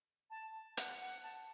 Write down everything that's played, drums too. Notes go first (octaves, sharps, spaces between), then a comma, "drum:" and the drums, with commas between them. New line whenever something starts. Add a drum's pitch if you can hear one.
A5
F#5, drum: hi-hat
F#5
A5